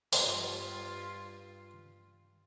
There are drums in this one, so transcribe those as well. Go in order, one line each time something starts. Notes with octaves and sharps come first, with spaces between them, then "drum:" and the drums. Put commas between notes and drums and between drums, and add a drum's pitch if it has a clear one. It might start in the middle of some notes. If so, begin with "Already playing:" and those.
G2 B3 F4 C5, drum: open hi-hat